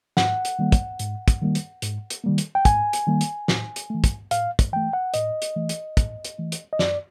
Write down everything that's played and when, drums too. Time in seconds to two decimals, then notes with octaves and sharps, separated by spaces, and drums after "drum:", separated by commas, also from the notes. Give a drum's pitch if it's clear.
0.17 G#2 F#5, drum: snare
0.45 drum: hi-hat
0.59 D#3 G3 A#3
0.72 drum: kick, hi-hat
0.99 G#2, drum: hi-hat
1.28 drum: kick, hi-hat
1.42 D#3 G3 A#3
1.55 drum: hi-hat
1.82 G#2, drum: hi-hat
2.10 drum: hi-hat
2.24 D#3 G3 A#3
2.38 drum: hi-hat
2.55 G5
2.65 G#2 G#5, drum: kick, hi-hat
2.93 drum: hi-hat
3.07 D#3 G3 A#3
3.21 drum: hi-hat
3.48 A2, drum: snare
3.76 drum: hi-hat
3.90 E3 A3
4.04 drum: kick, hi-hat
4.31 A2 F5, drum: hi-hat
4.59 drum: kick, hi-hat
4.73 E3 A3 G5
4.93 F#5
5.14 A2 D#5, drum: hi-hat
5.42 drum: hi-hat
5.56 E3 A3
5.69 drum: hi-hat
5.97 A2, drum: kick, hi-hat
6.25 drum: hi-hat
6.38 E3 A3
6.52 drum: hi-hat
6.73 D#5
6.79 F#2 D5, drum: snare